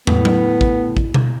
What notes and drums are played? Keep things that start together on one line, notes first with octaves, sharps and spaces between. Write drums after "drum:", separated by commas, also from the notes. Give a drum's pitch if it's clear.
A2 B3, drum: tom
drum: tom F#3
drum: kick
drum: kick
drum: tom B2